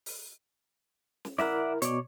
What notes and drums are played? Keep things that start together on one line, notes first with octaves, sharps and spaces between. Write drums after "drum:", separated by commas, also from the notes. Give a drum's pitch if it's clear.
drum: open hi-hat
drum: snare
E4 A#4 D5 E5 F#5, drum: snare
B2 C#5 D5, drum: hi-hat